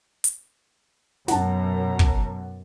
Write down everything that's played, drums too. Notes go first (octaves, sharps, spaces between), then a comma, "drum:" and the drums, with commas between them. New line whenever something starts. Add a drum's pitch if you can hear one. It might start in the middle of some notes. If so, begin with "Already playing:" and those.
drum: hi-hat
F#2 B2 F#5 A5 A#5, drum: snare
drum: kick